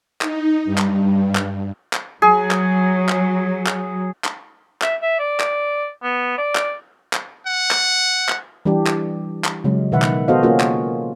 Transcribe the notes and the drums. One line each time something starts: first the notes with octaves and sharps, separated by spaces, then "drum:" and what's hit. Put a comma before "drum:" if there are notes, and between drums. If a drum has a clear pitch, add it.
D#4, drum: clap
G2
drum: clap
drum: clap
drum: clap
F#3 G#4
drum: clap
drum: clap
drum: clap
drum: clap
E5, drum: clap
E5
D5
drum: clap
B3
D5
drum: clap
drum: clap
F#5
drum: clap
drum: clap
E3 G3 D4 G4
drum: clap
drum: clap
C#3 F#3 G#3
B2 D#3 B4 E5 F#5
drum: clap
B3 F#4 A4 C5 D#5 F5
A#3 C#4 F4 F#4 G#4
drum: clap